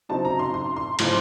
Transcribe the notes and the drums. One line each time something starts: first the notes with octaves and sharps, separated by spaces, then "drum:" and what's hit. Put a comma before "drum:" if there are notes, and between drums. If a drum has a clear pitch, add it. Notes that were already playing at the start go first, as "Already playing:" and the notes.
C#3 F#3 C4 D#4 A5
A#5
C6
C6
C6
A2 F3 C4 D#4, drum: cymbal